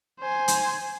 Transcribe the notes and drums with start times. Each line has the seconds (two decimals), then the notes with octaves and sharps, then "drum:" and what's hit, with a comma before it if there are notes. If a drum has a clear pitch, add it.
0.21 C5 G#5
0.48 drum: hi-hat